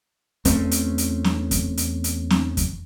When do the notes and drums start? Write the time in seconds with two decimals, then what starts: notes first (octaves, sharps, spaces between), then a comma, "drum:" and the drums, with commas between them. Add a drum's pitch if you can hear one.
0.45 E2 A3 C4 C#4, drum: kick F2, hi-hat
0.71 drum: hi-hat
0.98 drum: hi-hat
1.24 drum: snare C4
1.51 drum: kick F2, hi-hat
1.77 drum: hi-hat
2.04 drum: hi-hat
2.30 drum: snare C4
2.57 drum: kick F2, hi-hat